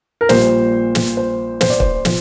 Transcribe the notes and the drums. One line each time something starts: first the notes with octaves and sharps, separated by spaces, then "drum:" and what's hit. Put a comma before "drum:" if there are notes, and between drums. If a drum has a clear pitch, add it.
A#4
A#1 A#2 G3 C5, drum: snare
drum: snare
C5
C5, drum: snare
D5
C5, drum: kick
F3, drum: snare